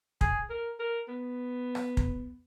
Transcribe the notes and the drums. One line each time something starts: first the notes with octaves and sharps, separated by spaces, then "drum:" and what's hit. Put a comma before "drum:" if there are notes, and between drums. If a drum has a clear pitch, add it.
G#4, drum: kick
A#4
A#4
B3
drum: rim click
drum: kick